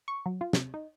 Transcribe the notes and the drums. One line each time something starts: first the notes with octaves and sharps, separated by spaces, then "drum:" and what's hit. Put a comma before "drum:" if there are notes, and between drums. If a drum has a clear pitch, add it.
C#6
F#3
F4
C3, drum: snare
D#4